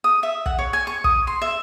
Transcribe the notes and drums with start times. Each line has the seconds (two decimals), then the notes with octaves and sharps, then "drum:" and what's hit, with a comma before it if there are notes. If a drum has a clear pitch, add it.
0.04 D#6
0.23 E5
0.46 F#5, drum: kick
0.59 C#5
0.73 G#5
0.87 C#6
1.04 D#6, drum: kick
1.27 C6
1.42 E5